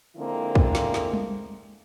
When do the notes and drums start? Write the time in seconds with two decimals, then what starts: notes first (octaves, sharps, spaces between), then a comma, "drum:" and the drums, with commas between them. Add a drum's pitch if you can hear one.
0.17 D3 F3 G#3 A#3 C4 E4
0.55 drum: kick
0.75 drum: snare
0.94 drum: snare
1.14 drum: tom G3